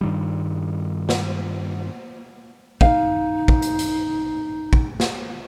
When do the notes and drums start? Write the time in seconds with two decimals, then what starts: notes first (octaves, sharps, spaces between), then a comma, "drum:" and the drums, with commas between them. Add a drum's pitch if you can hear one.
0.01 G2 D#3 G3
1.09 drum: snare
2.81 D#4 F5, drum: kick
3.48 drum: kick
3.62 drum: hi-hat
3.79 drum: hi-hat
4.73 drum: kick
5.00 drum: snare